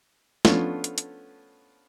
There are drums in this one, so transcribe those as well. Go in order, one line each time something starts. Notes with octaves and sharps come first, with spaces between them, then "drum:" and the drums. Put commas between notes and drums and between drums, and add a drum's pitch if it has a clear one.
F3 A3 B3 C#4 D4 F4, drum: snare
drum: hi-hat
drum: hi-hat